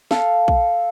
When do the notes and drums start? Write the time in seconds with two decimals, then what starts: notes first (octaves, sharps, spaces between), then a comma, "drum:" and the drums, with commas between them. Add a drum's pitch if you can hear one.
0.11 A4 F5, drum: snare
0.48 drum: kick